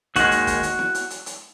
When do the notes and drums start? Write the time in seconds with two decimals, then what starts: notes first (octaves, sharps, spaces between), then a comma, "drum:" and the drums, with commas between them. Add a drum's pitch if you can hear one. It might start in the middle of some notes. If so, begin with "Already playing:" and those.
0.16 D#2 D#3 G#3 F#4, drum: kick, hi-hat
0.31 drum: hi-hat
0.47 drum: kick, hi-hat
0.63 drum: hi-hat
0.79 drum: snare E4
0.95 drum: hi-hat
1.10 drum: hi-hat
1.26 drum: hi-hat